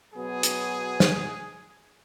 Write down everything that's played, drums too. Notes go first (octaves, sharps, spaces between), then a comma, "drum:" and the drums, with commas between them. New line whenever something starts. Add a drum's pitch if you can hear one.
B2 F#3 B3 G#4
drum: hi-hat
drum: snare